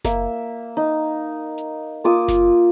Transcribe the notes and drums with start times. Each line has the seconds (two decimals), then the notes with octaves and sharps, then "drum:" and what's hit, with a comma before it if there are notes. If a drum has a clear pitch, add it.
0.05 A#3 E5, drum: snare F#1
0.77 D#4
1.58 drum: hi-hat
2.04 A#3 F4 D6 D#6
2.28 drum: snare F#1